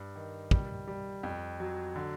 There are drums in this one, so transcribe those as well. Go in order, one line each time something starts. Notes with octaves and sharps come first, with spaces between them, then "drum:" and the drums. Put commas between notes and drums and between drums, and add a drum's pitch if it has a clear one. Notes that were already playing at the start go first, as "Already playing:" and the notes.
Already playing: G2
D#3
G3, drum: kick
G3
F2
F#3
D3